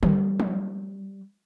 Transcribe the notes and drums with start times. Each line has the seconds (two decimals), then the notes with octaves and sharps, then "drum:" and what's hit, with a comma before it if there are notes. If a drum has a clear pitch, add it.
0.03 G3, drum: tom D3
0.40 drum: tom F3